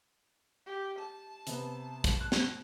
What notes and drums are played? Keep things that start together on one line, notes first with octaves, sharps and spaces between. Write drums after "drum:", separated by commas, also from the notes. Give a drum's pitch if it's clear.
G4
A5
C3 B3, drum: hi-hat
drum: kick, hi-hat
F#6
drum: snare